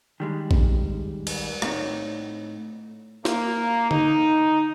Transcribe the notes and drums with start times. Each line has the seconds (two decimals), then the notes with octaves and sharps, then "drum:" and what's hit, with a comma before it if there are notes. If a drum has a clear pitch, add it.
0.20 D#3 G3 G#3
0.51 drum: kick A#1
1.27 drum: cymbal
1.62 A2 A3 C4 D#4 C#5, drum: rim click
3.25 A#3, drum: snare
3.91 D#4, drum: tom D3